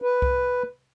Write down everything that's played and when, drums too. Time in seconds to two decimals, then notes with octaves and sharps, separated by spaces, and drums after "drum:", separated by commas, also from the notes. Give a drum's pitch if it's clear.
0.02 B4
0.22 drum: kick C2